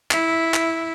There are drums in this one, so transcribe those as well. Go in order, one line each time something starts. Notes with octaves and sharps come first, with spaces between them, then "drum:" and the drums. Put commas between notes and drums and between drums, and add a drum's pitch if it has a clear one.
E4, drum: clap
drum: clap